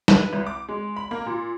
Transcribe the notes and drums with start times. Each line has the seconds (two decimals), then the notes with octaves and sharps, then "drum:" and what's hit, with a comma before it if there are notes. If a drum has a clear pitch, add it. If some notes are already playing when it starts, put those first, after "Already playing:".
0.08 B4, drum: snare
0.33 C2
0.47 D6
0.69 G#3
0.96 B5
1.11 A#3
1.26 A#2